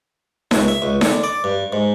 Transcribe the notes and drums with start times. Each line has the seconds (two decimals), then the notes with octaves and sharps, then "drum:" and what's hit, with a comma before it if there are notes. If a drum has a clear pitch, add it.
0.51 C#2, drum: snare D#4
0.68 E5
0.82 C#2
1.01 D3, drum: snare D#4
1.24 D5
1.44 G2
1.73 G#2